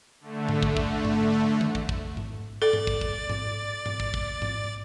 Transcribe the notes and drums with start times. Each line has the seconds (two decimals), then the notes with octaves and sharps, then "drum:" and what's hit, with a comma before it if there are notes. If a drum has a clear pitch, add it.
0.20 D3 A3
0.49 drum: tom G#2
0.63 drum: kick
0.77 drum: kick
1.05 drum: tom G#2
1.61 drum: tom D#3
1.75 drum: kick
1.89 drum: kick
2.17 drum: tom G#2
2.62 A4 D5 A6
2.73 drum: tom G#2
2.87 drum: kick
3.01 drum: kick
3.29 drum: tom G#2
3.86 drum: tom G#2
4.00 drum: kick
4.14 drum: kick
4.42 drum: tom G#2